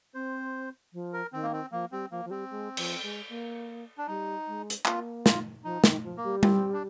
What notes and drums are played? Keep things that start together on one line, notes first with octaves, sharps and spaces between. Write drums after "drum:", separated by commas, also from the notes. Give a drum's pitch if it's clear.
C4 C5
F3
A#4
D#3 C4
A#3
C4
F3 A#3
G3 C4
F3 A#3
F3
G3 C4
G#3
F3, drum: cymbal
G#3
A#3
D4
G3 D#4
G#3
drum: hi-hat
A#3 F4, drum: clap
F4, drum: snare
F3 D#4
D#3, drum: snare
F3
A#3
G3
C4, drum: tom G3
D4